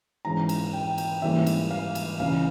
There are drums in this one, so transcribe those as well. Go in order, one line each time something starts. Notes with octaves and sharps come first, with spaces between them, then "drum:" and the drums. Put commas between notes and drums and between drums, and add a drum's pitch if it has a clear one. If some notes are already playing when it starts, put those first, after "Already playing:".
G#2 E3 G#3 C#4 A#5
drum: cymbal
G5
drum: cymbal
G#2 E3 G3 A#3 C#4 E5
drum: cymbal
F5
drum: cymbal
C#2 C#3 E3 F5